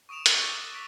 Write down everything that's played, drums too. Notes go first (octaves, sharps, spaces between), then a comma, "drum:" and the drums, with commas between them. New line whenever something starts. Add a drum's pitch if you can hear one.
C#6 D#6 D7 E7 F7
E6 F#6 A6 A#6 F7 G7, drum: hi-hat
D6 A#6
D6 B6 D7